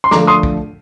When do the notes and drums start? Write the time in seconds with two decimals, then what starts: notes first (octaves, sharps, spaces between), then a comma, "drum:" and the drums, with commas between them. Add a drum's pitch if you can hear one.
0.04 C6
0.11 D3 F3 A3 A#5 D6, drum: snare
0.27 C6 D#6
0.43 drum: kick